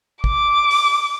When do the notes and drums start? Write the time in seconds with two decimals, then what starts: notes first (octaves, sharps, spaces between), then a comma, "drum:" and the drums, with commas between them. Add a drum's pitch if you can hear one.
0.24 D6, drum: kick
0.71 drum: open hi-hat